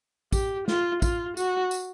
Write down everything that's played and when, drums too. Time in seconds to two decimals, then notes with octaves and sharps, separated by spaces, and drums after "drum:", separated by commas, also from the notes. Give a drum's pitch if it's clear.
0.32 G4, drum: kick, tambourine
0.68 F4, drum: snare
1.02 F4, drum: kick, tambourine
1.37 F#4, drum: tambourine
1.71 drum: tambourine